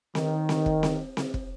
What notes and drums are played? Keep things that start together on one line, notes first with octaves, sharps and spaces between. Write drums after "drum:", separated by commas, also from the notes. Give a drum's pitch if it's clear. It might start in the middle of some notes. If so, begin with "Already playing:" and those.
D#3, drum: snare C4
drum: snare C4
drum: kick
drum: snare C4
drum: snare C4
drum: kick